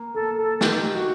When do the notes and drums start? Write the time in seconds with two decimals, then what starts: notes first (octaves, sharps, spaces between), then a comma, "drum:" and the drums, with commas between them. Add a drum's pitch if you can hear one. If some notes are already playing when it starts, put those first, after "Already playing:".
Already playing: A#3
0.14 A#3 A4
0.37 A4
0.61 D#3 G4, drum: snare
0.92 F#4